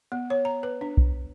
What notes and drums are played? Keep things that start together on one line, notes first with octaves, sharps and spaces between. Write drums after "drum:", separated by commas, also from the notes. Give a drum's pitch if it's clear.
B3
C#5
A#5
B4
D4
drum: kick B1